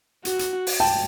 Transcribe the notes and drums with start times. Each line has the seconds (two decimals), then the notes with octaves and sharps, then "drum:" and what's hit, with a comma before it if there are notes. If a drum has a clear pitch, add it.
0.25 F#4, drum: hi-hat
0.39 drum: hi-hat
0.67 drum: open hi-hat
0.80 G5 A5